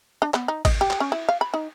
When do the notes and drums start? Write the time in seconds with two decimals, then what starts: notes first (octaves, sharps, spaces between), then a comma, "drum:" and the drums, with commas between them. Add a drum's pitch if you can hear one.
0.22 D4
0.34 B3, drum: clap
0.48 D#4
0.65 D#5, drum: kick G#1, cymbal
0.81 G4
0.90 drum: clap
1.00 C#4
1.12 E4
1.29 F5
1.41 B5
1.54 D#4